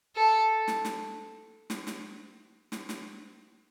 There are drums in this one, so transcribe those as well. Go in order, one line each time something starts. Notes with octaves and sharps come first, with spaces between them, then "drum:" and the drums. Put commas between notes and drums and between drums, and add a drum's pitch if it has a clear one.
A4
drum: snare
drum: snare
drum: snare
drum: snare
drum: snare
drum: snare